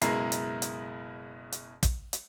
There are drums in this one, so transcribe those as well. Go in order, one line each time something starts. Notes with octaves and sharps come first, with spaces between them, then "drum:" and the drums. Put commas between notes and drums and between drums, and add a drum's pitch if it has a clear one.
F#1 B2 G#3 E4 A#4 C7, drum: hi-hat
drum: hi-hat
drum: hi-hat
drum: hi-hat
drum: kick, hi-hat
drum: hi-hat